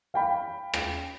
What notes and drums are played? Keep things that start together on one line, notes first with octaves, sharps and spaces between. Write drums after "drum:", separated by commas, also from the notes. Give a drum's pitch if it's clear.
F5 G5 B5
drum: rim click